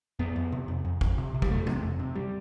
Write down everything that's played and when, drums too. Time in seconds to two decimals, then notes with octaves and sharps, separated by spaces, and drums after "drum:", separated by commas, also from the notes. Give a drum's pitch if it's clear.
0.19 F2 B3
0.36 F2
0.52 C3
0.68 F2
0.85 F2
1.01 F2, drum: kick
1.18 C3
1.35 C3
1.42 G3, drum: kick
1.51 F2 A3
1.67 C3, drum: tom E3
1.83 F2
1.99 C3
2.15 G3